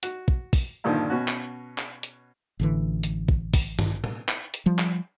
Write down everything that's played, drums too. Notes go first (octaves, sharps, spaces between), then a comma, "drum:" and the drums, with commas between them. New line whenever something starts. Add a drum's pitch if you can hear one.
F#4, drum: hi-hat
drum: kick
drum: kick, open hi-hat
G2 A#2 D3 D#3 F3
B2 C#4 F#4
drum: clap
drum: clap
drum: hi-hat
A1 D3 E3
drum: hi-hat
drum: kick
drum: kick, open hi-hat
drum: tom G2
drum: tom A2
drum: clap
drum: hi-hat
F3 G3
drum: clap